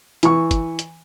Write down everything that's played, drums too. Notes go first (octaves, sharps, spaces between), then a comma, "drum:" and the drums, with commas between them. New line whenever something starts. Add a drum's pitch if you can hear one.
E3 C#6, drum: hi-hat
drum: kick, hi-hat
drum: hi-hat